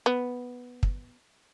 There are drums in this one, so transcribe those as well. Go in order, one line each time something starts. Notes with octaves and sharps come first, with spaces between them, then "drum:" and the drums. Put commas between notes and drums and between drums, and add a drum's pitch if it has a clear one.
B3
drum: kick